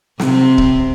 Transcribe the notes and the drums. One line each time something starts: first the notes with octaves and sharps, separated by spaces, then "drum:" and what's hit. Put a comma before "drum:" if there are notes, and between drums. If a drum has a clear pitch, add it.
C3 C4, drum: snare
drum: kick C#1